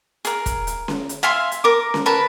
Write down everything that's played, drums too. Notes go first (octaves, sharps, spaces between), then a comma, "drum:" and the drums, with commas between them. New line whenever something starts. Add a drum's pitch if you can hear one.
G#4 A#4, drum: hi-hat
drum: kick E1, hi-hat
drum: hi-hat
drum: snare C#4
drum: hi-hat
E5 F5 G#5 C6
drum: hi-hat
A#4 D6
drum: snare C#4
A#4 B4 A5 B5